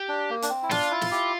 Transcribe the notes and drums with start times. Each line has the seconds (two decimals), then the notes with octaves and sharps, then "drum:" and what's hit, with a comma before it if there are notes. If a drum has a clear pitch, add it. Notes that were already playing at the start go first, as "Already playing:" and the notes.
Already playing: G4
0.09 D4
0.30 A#3
0.42 D4, drum: hi-hat
0.50 C4
0.63 E4
0.71 D4 F4, drum: snare
0.91 E4
1.01 drum: snare
1.11 E4 G4